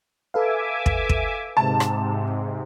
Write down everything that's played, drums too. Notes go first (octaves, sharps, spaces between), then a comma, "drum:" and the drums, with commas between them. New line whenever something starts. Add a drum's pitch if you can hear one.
A4 B4 E5 F5 G#5 D6
drum: kick
drum: kick
G#2 C3 A5
drum: rim click